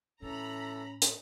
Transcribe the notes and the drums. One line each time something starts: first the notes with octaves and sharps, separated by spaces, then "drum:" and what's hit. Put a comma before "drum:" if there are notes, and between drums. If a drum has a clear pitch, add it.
A2 E3 C#4 A4 A#5 B5
drum: hi-hat